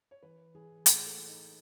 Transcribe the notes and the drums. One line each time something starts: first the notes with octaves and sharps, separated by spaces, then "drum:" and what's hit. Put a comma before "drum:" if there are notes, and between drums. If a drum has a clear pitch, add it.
C#5
E3 B4
E3 G#4
A2 G#4, drum: hi-hat
A4
A2
D#4